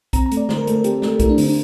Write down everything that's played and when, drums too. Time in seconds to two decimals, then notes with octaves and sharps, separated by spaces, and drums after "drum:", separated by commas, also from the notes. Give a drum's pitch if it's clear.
0.13 C4 A#5, drum: kick, hi-hat
0.26 A#5
0.32 A3, drum: hi-hat
0.37 D5
0.49 D3 C5, drum: snare
0.58 A#4
0.67 A3 A4, drum: hi-hat
0.76 A#4
0.84 C4 G4, drum: hi-hat
1.02 A3, drum: snare
1.20 A3 E4, drum: kick, hi-hat
1.29 D4
1.38 D3 C4, drum: open hi-hat
1.47 D4